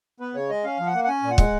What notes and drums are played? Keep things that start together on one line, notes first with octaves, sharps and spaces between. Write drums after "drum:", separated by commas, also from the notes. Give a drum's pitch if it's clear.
B3 B4
C#3 C#5
G#3 D#5
C#4 F5
F3
F#5
A#3
F#5
C#4 G#5
A#2
F#5
G#3, drum: kick